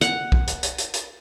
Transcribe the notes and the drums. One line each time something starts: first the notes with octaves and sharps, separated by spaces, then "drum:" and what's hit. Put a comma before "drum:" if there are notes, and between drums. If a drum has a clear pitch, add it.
F#5, drum: hi-hat
drum: kick B1
drum: hi-hat
drum: hi-hat
drum: hi-hat
drum: hi-hat